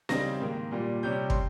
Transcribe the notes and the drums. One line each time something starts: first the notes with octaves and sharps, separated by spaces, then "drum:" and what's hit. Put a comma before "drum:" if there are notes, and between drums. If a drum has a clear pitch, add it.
C#3 G3 C4 D#4 A#6, drum: snare
G#2 D#3 A#3
A#2 G3 A#3
C3 G3 C#4 G6
C6, drum: kick